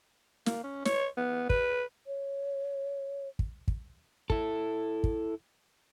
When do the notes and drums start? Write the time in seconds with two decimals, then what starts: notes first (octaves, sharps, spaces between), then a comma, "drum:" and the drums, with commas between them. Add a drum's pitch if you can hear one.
0.46 A#3, drum: snare
0.63 C#4
0.85 C#5, drum: snare
1.17 B3
1.50 B4, drum: kick
2.07 C#5
3.39 drum: kick
3.68 drum: kick
4.30 E4 A4, drum: kick
5.04 drum: kick